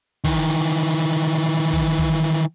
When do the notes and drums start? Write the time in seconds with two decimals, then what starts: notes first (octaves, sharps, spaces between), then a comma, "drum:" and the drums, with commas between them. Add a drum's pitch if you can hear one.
0.24 D#3 E3, drum: kick
0.85 drum: hi-hat
1.73 drum: kick
1.98 drum: kick